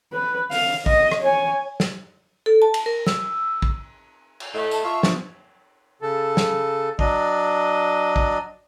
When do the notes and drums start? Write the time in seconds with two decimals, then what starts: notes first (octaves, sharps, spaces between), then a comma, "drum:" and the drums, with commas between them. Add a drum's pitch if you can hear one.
0.12 B4
0.51 F5, drum: open hi-hat
0.86 D#5, drum: kick
1.12 drum: rim click
1.21 C#5 G#5
1.80 drum: snare
2.46 A4
2.62 A5
2.74 drum: cymbal
2.86 A#4
3.07 E6, drum: snare
3.62 drum: kick
4.40 drum: cymbal
4.55 A2 A3 D#5
4.71 A5, drum: tambourine
4.84 F4 E5 C#6
5.03 F3 B3 D4, drum: snare
6.02 C#3 A4
6.37 drum: snare
6.99 F#3 D4 D#5, drum: kick
8.16 drum: kick